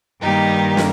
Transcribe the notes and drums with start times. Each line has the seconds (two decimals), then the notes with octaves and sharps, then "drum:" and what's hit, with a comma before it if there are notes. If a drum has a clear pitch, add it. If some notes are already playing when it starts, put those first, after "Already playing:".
0.21 G2 D#3 G3 A#3 D#4 G4
0.77 drum: snare